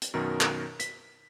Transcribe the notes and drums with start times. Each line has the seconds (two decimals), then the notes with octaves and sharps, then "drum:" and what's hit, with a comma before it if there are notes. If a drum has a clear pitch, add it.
0.02 drum: hi-hat
0.14 F#2 B2 D#3 A#4
0.41 drum: clap
0.80 B6, drum: hi-hat